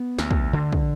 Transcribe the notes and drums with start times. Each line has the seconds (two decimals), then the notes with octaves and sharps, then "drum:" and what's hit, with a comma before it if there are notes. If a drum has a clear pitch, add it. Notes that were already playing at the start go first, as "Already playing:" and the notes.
Already playing: B3
0.19 D2, drum: snare
0.31 drum: kick
0.53 D3
0.73 drum: kick